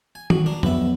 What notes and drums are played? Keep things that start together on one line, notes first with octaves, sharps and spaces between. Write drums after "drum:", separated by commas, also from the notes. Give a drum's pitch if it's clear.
G#5
D#3 F#4, drum: tom D#3
D4 A#4
F3 F#3 B3 B4 E5, drum: tom